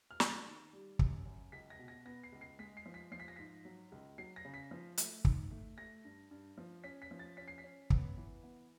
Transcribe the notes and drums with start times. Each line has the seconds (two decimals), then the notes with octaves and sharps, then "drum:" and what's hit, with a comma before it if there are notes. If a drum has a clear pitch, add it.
0.11 F6
0.20 F#3, drum: snare
0.28 A6
0.46 D#3
0.73 G3
0.99 F#2, drum: kick
1.26 F#2
1.52 C#2 B6
1.70 A#6
1.79 B2
1.88 A#6
2.05 B3 A#6
2.23 C7
2.32 C#2
2.41 C7
2.59 G#3 B6
2.77 C7
2.86 F3
2.94 B6
3.12 F3 C7
3.20 B6
3.28 A#6
3.36 G#2 B6
3.65 F#3
3.92 C#2
4.18 F#3 C7
4.36 A#6
4.45 C#3
4.54 B6
4.71 F3
4.98 A3, drum: hi-hat
5.25 G#2, drum: kick
5.51 A3
5.77 A3 A#6
6.05 G2
6.31 G2
6.58 F3
6.84 C#4 B6
7.02 B6
7.11 F3
7.19 A6
7.37 C#4 B6
7.48 C7
7.58 B6
7.64 C#4
7.90 B3, drum: kick
8.17 E3
8.44 B3